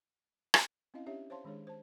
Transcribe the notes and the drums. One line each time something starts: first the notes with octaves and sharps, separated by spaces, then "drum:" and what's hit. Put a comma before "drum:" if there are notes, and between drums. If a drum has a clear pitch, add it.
drum: rim click
C4 C#4 E4 D#5 F5
C#4 D4 G4 C#5 E5
C5 C#5 F5 A5 C6
D#3 G#3 D4 G#4 C#5
C5 A5